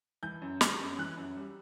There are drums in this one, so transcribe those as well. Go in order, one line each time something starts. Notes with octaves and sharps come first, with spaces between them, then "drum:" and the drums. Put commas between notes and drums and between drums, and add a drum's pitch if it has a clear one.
E3 G6
F#2
G3, drum: snare
F#2
E3 F#6
F#2
G3